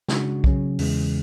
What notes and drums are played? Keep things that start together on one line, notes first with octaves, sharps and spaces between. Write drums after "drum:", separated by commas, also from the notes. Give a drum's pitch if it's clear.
C#3 G#3 D4 F#4, drum: snare
C#3 F#3 C#4, drum: kick
E2 C#3 E3 G#3, drum: open hi-hat